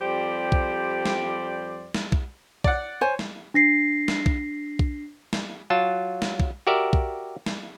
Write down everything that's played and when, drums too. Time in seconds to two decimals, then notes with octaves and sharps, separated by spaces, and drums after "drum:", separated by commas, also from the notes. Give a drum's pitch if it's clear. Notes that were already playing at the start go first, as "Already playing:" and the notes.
0.01 F2 G3 G4 C5 D5
0.52 drum: kick B1
1.05 drum: snare
1.94 drum: snare
2.12 drum: kick B1
2.64 D5 F#5, drum: kick B1
3.01 C5 C#5 G#5
3.19 drum: snare
3.54 D4 A#6 C7
4.08 drum: snare
4.26 drum: kick B1
4.79 drum: kick B1
5.33 drum: snare
5.70 F#3 F4 A5
6.22 drum: snare
6.40 drum: kick B1
6.67 F#4 G4 A#4 D5 E5
6.93 drum: kick B1
7.46 drum: snare